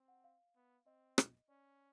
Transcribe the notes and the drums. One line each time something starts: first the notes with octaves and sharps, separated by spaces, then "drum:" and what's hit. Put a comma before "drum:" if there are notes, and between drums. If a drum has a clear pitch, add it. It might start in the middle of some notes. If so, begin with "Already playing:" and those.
Already playing: C4
F#5
F5
B3
C4 D#5
drum: rim click
C#4 D5